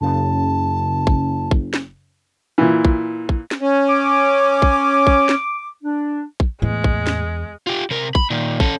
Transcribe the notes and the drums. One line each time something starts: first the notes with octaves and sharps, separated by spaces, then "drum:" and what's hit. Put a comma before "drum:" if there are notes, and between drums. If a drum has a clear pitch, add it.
F#1 F#2 C#3 A5
drum: kick
drum: kick
drum: snare
A#2 E3
drum: kick
drum: kick
drum: snare
C#4
D6
drum: kick
drum: kick
drum: snare
D4
drum: kick
E2 A2 G#3
drum: kick
drum: snare
F4 G4
C3 A#4
B5, drum: kick
A#2 D#3
C#4 A4, drum: kick